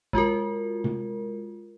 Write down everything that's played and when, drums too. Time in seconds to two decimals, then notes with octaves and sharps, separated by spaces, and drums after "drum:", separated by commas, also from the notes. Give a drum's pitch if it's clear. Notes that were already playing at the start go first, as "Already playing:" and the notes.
0.13 G#3 F4 F#4 A#4, drum: kick
0.84 drum: tom